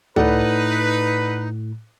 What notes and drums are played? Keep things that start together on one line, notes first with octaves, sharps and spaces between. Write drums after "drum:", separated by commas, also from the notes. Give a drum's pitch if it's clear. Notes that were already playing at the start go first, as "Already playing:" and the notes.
A2 D#4 A4 B4 D5 F#5, drum: tom C#2